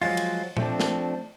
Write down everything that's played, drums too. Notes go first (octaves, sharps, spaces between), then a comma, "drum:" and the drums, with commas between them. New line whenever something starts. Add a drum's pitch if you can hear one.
F3 F#3 G#3 F4, drum: open hi-hat
drum: cymbal
F3 A3 C4 D4, drum: tom A#2
drum: snare